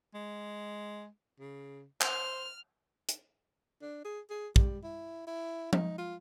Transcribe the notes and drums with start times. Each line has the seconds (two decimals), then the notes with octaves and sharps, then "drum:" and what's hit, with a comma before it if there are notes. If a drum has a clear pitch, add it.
0.14 G#3
1.40 C#3
2.01 C5 F6, drum: clap
3.09 drum: hi-hat
3.82 D4
4.05 G#4
4.30 G#4
4.56 G3, drum: kick
4.84 E4
5.27 E4
5.73 D#4, drum: tom F3
5.98 F4